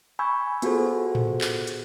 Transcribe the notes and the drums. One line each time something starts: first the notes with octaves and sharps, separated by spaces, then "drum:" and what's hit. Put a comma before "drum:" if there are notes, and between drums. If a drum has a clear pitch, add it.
G#5 B5 C#6 E6 G6 G#6
B3 F4 F#4 G#4 A4 C5, drum: hi-hat
drum: tom A2
drum: clap
drum: hi-hat